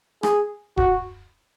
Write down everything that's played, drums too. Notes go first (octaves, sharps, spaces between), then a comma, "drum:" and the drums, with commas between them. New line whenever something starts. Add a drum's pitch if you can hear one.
G#4, drum: rim click
F#4, drum: kick D#1